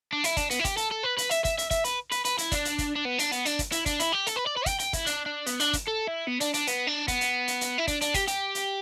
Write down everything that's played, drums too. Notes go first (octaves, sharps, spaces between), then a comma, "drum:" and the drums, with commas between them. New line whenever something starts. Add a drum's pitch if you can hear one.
D4
E4, drum: hi-hat
D4, drum: kick, hi-hat
B3, drum: hi-hat
E4
G4, drum: kick, hi-hat
A4, drum: hi-hat
A4
B4
B4, drum: hi-hat
E5, drum: hi-hat
E5, drum: kick, hi-hat
E5, drum: hi-hat
E5, drum: kick, hi-hat
B4, drum: hi-hat
B4, drum: hi-hat
B4, drum: hi-hat
E4, drum: hi-hat
D4, drum: kick, hi-hat
drum: hi-hat
drum: kick, hi-hat
D4
B3
D4, drum: hi-hat
B3, drum: hi-hat
D4, drum: hi-hat
drum: kick, hi-hat
E4, drum: hi-hat
D4, drum: kick, hi-hat
E4, drum: hi-hat
G4
A4, drum: hi-hat
B4
D5
B4
G5, drum: kick, hi-hat
G5, drum: hi-hat
E4, drum: kick, hi-hat
D4, drum: hi-hat
D4
B3, drum: hi-hat
D4, drum: hi-hat
drum: kick, hi-hat
A4
E4
B3
D4, drum: hi-hat
D4, drum: hi-hat
B3, drum: hi-hat
D4
B3, drum: kick, hi-hat
drum: hi-hat
drum: hi-hat
drum: hi-hat
E4
D4, drum: kick, hi-hat
D4, drum: hi-hat
G4, drum: kick, hi-hat
G4, drum: hi-hat
drum: hi-hat